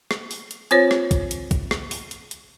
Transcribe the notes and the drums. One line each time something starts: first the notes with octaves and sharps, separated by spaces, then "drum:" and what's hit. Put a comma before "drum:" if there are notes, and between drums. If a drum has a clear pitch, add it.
drum: rim click
drum: open hi-hat
drum: hi-hat
C4 F4 C5 C#5, drum: hi-hat
drum: rim click
drum: kick, hi-hat
drum: hi-hat
drum: kick, hi-hat
drum: rim click
drum: open hi-hat
drum: hi-hat
drum: hi-hat